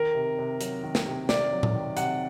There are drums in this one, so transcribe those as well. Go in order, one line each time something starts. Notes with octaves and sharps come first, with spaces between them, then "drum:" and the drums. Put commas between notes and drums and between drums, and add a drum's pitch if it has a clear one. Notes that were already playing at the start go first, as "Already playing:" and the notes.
Already playing: D#3 A#4
C3
C3
F#3, drum: hi-hat
D#3
drum: snare
C3
C3 D5, drum: snare
F#3
drum: tom A2
D#3
C3 F#5, drum: hi-hat